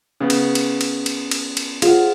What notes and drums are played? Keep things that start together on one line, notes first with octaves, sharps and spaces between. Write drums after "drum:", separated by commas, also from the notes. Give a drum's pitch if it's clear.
C#3 B3
drum: cymbal
drum: cymbal
drum: cymbal
drum: cymbal
drum: cymbal
drum: cymbal
F4 G#4 C5 F#5, drum: cymbal